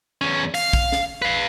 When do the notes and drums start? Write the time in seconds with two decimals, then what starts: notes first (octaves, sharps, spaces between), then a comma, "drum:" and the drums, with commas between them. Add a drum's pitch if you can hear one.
0.22 E2 C#4
0.54 F5, drum: open hi-hat
0.73 drum: kick
0.92 drum: snare
1.22 B4 F5